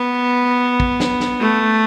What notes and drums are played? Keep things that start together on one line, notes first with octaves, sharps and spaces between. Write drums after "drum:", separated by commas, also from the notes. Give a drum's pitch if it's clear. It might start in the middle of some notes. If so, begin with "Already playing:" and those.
Already playing: B3
drum: kick
drum: snare
drum: snare
A3